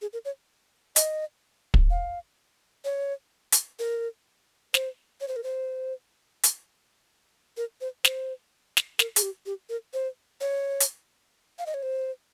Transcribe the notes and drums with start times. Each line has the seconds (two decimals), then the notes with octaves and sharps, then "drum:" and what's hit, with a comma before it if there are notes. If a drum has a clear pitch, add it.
0.02 G#4
0.13 A#4
0.25 C#5
0.96 D#5, drum: hi-hat
1.74 drum: kick
1.90 F5
2.85 C#5
3.52 drum: hi-hat
3.79 A#4
4.74 C5, drum: snare
5.21 C#5
5.28 C5
5.36 A#4
5.43 C5
6.43 drum: hi-hat
7.57 A#4
7.81 C5
8.05 C5, drum: snare
8.77 drum: snare
8.99 A#4, drum: snare
9.16 G#4, drum: hi-hat
9.22 G4
9.46 G4
9.69 A#4
9.93 C5
10.41 C#5
10.80 drum: hi-hat
11.59 F5
11.66 D#5
11.74 C#5
11.83 C5